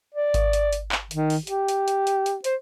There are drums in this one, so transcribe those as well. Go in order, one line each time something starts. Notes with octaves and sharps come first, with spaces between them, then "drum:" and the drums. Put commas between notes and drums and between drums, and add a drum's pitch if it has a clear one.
D5
drum: kick G#1, hi-hat
drum: hi-hat
drum: hi-hat
drum: clap
D#3, drum: hi-hat
drum: open hi-hat
G4, drum: hi-hat
drum: hi-hat
drum: hi-hat
drum: hi-hat
drum: hi-hat
C5, drum: hi-hat